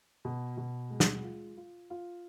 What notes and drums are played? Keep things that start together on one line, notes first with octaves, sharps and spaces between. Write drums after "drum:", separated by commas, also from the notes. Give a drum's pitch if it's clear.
B2
B2
G#3
drum: snare
F4
F4
F4